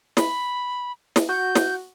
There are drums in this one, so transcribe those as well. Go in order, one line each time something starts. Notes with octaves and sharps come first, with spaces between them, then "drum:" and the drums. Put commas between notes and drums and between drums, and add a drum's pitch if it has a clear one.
B5, drum: snare
drum: snare
F#4 G6
drum: snare